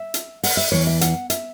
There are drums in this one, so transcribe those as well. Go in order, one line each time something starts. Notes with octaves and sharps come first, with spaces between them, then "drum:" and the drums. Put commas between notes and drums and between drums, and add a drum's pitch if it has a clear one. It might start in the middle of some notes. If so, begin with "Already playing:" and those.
Already playing: E5
drum: hi-hat
F#5, drum: open hi-hat
E5
E2 E3 C#5
E5
F#5, drum: hi-hat
E5, drum: hi-hat